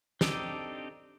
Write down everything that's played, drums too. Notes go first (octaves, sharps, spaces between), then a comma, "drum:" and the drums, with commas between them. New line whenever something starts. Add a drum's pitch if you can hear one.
C4 D4 D#4 G4 A4, drum: snare